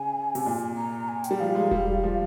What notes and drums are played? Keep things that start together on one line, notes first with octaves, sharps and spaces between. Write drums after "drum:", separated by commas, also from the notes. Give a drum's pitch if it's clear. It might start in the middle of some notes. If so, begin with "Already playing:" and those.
Already playing: C#3 G#5
C3, drum: open hi-hat
A#2
A#5
G#5
G5, drum: hi-hat
G3
F3 F5
G#3
G3, drum: kick E1
F3